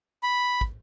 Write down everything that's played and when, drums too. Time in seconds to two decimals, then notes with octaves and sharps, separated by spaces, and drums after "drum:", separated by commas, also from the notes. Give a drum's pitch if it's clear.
0.23 B5
0.61 drum: kick